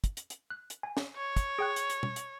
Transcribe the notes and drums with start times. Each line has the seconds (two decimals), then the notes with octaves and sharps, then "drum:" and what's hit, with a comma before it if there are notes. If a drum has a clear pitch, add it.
0.04 drum: kick, hi-hat
0.17 drum: hi-hat
0.30 drum: hi-hat
0.50 F#6
0.70 drum: hi-hat
0.83 G#5
0.97 drum: snare
1.16 C#5
1.36 drum: kick, hi-hat
1.59 G#4 G5 F#6
1.76 drum: hi-hat
1.90 drum: hi-hat
2.03 drum: tom
2.16 drum: hi-hat